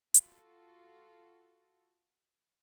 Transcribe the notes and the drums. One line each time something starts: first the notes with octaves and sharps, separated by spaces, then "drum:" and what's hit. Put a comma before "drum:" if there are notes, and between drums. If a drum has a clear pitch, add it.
F4 F#4 A4, drum: hi-hat